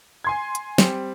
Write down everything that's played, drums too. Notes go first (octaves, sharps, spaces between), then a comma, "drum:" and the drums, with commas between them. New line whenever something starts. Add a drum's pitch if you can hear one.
G#5 C6 G#6
drum: hi-hat
G3 C4, drum: snare